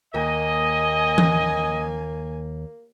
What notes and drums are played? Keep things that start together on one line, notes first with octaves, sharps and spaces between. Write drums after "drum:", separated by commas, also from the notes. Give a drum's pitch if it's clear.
D#2 A#3 D#5 G#5
drum: tom E3